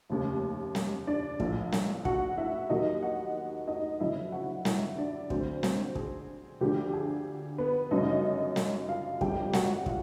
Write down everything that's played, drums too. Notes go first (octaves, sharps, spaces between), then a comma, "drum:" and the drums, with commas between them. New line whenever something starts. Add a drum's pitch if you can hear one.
F1 D#2 C#3
drum: snare
D4 D5
A#1 A2 F3, drum: kick
drum: snare
F#4 F#5, drum: kick
E4 E5
D#2 D#3 F#3 D#4 D#5
F#4 F#5
D#4 D#5
F#1 F#2 D3 F3 E4 E5
F#4 F#5
E4 E5, drum: snare
D4 D5
D2 D3 F#3 C4 C5, drum: kick
C4 C5, drum: snare
G#4, drum: kick
D2 D3 F3 G4
G#4
B3 B4
G1 F#2 C#3 D#4 D#5
drum: snare
F4 F5
G1 F2 C3 G4 G5, drum: kick
F#4 F#5, drum: snare
F4 F5, drum: kick